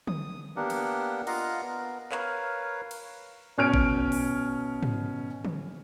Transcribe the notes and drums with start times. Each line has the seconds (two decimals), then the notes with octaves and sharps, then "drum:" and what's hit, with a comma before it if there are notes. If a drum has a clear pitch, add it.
0.07 D#6, drum: tom D3
0.56 A#3 B3 D4 G4 A#4 F#5
0.70 drum: cymbal
1.27 F4 D#5 F5 F#5 A#5, drum: cymbal
1.62 B3 A#4
2.12 A#4 B4 C#5 F5, drum: clap
2.91 drum: cymbal
3.58 B2 C#4 F6 D7
3.74 drum: kick A1
4.12 drum: open hi-hat
4.83 drum: tom G#2
5.45 drum: tom D3